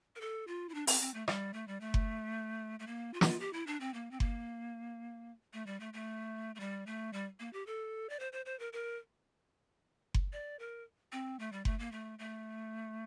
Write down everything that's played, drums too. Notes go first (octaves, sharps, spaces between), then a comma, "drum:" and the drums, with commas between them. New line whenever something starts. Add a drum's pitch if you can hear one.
A#4
A4
F4
E4
D4
C4, drum: open hi-hat
C4
A3
G3, drum: rim click
A3
G3
A3
drum: kick F#1
A3
A#3
F4
G4, drum: snare
F4
G4
E4
D4
C4
A#3
C4
A#3, drum: kick F#1
A3
G3
A3
A3
A3
G3
A3
G3
A#3
G4
A4
D5
C5
C5
C5
A#4
A#4
drum: kick F#1
D5
A#4
C4
A3
G3
A3, drum: kick F#1
A#3
A3
A3